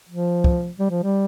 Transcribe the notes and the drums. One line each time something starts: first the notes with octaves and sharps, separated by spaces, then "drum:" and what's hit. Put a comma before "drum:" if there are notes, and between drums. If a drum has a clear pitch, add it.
F3
drum: kick
G3
F3
G3